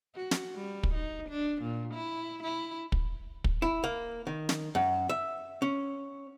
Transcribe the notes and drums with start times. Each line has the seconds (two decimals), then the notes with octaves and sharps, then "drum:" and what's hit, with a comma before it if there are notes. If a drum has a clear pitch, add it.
0.15 F#4
0.31 drum: snare
0.56 G3
0.83 drum: kick
0.94 D#4
1.29 D4
1.62 A#2
1.95 E4
2.43 E4
2.92 drum: kick
3.44 drum: kick
3.62 E4
3.84 A#3
4.27 D#3
4.49 drum: snare
4.75 F#2
5.09 E5
5.62 C#4